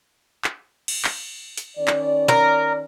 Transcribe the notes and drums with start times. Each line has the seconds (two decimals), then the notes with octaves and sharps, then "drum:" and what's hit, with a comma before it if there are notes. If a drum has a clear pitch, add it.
0.44 drum: clap
0.88 drum: cymbal
1.04 drum: clap
1.57 drum: hi-hat
1.78 D#3 C#4 D5
1.88 drum: clap
2.28 A#4